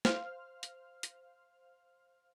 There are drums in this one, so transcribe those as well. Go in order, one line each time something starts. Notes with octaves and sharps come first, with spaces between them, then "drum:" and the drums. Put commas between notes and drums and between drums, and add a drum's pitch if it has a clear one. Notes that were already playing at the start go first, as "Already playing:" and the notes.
C5 F5 F6, drum: snare
drum: hi-hat
drum: hi-hat